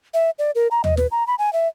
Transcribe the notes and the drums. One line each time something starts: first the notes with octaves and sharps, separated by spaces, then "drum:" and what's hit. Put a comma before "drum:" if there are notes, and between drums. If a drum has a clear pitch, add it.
E5
D5
A#4
A#5
D#5, drum: tom D#2
B4, drum: snare
A#5
B5
G#5
E5